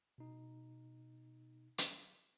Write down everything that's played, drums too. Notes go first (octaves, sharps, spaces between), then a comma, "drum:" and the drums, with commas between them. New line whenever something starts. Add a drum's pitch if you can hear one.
B2 D#4
drum: hi-hat